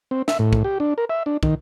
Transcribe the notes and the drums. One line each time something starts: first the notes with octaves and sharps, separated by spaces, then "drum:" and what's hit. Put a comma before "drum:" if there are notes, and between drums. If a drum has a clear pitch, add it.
C4
E5, drum: snare
A2
drum: kick
G4
D4
A#4
E5
D4
D#3, drum: kick